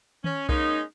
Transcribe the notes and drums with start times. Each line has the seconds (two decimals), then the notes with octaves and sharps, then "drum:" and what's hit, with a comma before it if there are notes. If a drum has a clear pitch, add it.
0.24 C#4, drum: tom D#3
0.49 G#3 A#3 C#4 D#4, drum: kick B1